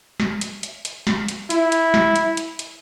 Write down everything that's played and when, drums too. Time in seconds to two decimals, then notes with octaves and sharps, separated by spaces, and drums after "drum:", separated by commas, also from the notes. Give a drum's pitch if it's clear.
0.20 drum: snare
0.41 drum: hi-hat
0.63 drum: hi-hat
0.85 drum: hi-hat
1.07 drum: snare
1.28 drum: hi-hat
1.50 E4, drum: hi-hat
1.72 drum: hi-hat
1.94 drum: snare
2.16 drum: hi-hat
2.37 drum: hi-hat
2.59 drum: hi-hat